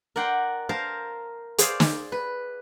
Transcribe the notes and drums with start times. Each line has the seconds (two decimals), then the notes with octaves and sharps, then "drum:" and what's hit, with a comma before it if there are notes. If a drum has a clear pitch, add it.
0.16 A#4 D5 F#5 G5 C6
0.69 A#4 C5 F5 A5 A#5
1.58 G#4 C5 D5 F5, drum: hi-hat
1.80 drum: snare
2.12 B4